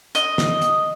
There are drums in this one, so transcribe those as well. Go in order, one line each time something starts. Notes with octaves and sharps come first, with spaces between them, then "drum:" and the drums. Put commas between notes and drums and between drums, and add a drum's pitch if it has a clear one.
D#5, drum: hi-hat
drum: snare
drum: hi-hat